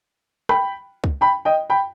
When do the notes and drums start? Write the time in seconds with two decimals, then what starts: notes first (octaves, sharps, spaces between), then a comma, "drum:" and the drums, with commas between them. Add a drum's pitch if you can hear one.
0.49 G5 B5, drum: rim click
1.04 drum: kick C#2
1.21 G5 B5
1.45 D#5 G5
1.70 G5 B5